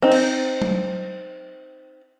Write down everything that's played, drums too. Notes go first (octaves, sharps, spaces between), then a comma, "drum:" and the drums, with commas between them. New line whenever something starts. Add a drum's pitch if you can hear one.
C4 D#4
drum: cymbal
drum: tom F#3